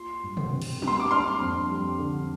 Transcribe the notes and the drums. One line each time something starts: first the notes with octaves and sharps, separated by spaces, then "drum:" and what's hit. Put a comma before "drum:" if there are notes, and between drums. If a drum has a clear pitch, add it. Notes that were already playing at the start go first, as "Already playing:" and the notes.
Already playing: F4 C6
G2
drum: tom
C4
drum: cymbal
G3, drum: tom
C6
D6
D4 C6 F6
F2
G3
D3